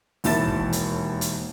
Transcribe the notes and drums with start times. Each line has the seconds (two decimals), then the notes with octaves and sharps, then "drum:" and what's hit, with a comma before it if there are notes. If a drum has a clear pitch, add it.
0.24 E1 D#2 E4 A5 A6 E7, drum: open hi-hat
0.48 drum: kick
0.73 drum: hi-hat
1.21 drum: hi-hat